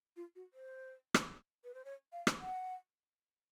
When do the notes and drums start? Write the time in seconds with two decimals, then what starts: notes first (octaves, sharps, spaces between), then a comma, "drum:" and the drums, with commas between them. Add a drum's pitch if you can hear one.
0.16 F4
0.35 F#4
0.53 C5
1.14 drum: rim click
1.64 B4
1.74 C5
1.85 C#5
2.12 F5
2.27 drum: rim click
2.40 F#5